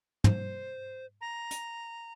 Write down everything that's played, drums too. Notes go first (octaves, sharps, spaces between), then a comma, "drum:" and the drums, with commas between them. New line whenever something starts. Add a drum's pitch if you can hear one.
C5, drum: tom
A#5
drum: hi-hat